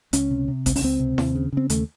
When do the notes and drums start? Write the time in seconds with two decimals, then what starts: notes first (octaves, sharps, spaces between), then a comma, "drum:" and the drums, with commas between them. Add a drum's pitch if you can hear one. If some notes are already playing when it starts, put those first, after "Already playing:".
0.13 C#2 C#4, drum: hi-hat
0.31 C3
0.48 C3
0.66 C#2 C4, drum: kick A1, hi-hat
0.76 C#4, drum: open hi-hat
0.82 C#2 C4
0.99 C3
1.18 D#2, drum: snare E4
1.35 C#3
1.53 C#3 C4
1.70 D#2 A3, drum: hi-hat